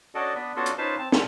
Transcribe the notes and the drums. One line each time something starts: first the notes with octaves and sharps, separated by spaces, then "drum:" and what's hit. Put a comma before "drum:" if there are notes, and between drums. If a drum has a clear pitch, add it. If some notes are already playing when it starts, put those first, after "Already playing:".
C#4 D4 F#4 A4 D5 D#5
B3 D4 B4
B3 C#4 D4 F4 F#4 A4
drum: hi-hat
C#4 D#4 F4 B4 C5 A5
C4 A5
F4 A4, drum: snare